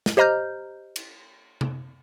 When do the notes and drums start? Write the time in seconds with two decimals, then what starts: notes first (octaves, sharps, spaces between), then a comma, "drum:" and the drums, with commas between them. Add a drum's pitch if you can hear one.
0.06 drum: snare
0.17 G4 C5 D#5 A#5 F6 G6
0.96 drum: cymbal
1.61 drum: tom C3